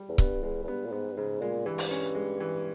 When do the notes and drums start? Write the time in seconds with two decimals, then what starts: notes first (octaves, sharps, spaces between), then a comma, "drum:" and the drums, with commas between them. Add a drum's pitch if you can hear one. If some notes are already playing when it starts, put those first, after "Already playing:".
Already playing: G3
0.09 E2
0.18 G2 B3, drum: kick C#1
0.43 E2 G#3
0.63 E2
0.68 G2 B3
0.86 A#2
0.92 G#2 B3
1.12 G2
1.17 G#2 C#3
1.41 A#2 G#3
1.66 G2 E3
1.78 drum: open hi-hat
1.91 C#4
2.15 G#3
2.40 E3